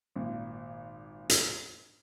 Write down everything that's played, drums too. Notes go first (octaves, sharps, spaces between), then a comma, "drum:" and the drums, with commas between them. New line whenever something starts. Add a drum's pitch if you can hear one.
G#1 A#2
drum: hi-hat